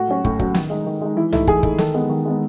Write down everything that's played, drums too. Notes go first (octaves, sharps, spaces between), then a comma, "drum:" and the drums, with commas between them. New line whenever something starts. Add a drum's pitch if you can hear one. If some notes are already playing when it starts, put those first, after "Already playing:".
Already playing: A2 F#4
F#3 C#4
A2, drum: kick
F#3 C#4, drum: kick
D#3, drum: snare
G#3 D#4
D#3
G#3 D#4
E3 E4
A3 D#4 E4, drum: tom B1
E3 G#4, drum: kick
A3 D#4, drum: kick
D#3 A4, drum: snare
G#3 B3 D#4
D#3
G#3 B3 D#4